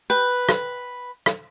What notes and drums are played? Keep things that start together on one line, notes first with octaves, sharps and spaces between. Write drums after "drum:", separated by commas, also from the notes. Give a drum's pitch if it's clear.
B4 G5
drum: rim click
drum: rim click